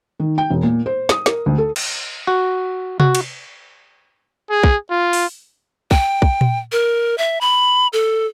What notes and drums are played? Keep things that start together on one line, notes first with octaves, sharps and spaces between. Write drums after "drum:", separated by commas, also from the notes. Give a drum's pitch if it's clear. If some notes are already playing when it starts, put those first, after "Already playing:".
D#3
G5
E1
A#2
C5
D#6, drum: snare
A#4, drum: snare
D2
A4
drum: cymbal
F#4
F#4, drum: tom C3
drum: cymbal
G#4
drum: kick
F4
drum: open hi-hat
G5, drum: kick
drum: kick
drum: tom A#2
A#4
E5
B5
A4